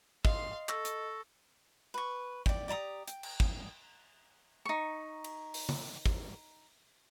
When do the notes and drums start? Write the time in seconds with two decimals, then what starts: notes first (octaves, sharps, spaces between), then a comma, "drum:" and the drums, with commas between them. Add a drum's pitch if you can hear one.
0.25 D#5 F5 C6, drum: kick
0.69 A4 C#6 E6 A#6, drum: clap
0.85 drum: hi-hat
1.94 B4 C#6
2.46 D5 G5, drum: kick
2.68 G4 D5 A#5 D#6
3.08 G5, drum: hi-hat
3.23 drum: cymbal
3.40 drum: kick
4.65 D#4 C#6
5.24 drum: cymbal
5.54 drum: open hi-hat
5.69 drum: tom
6.06 drum: kick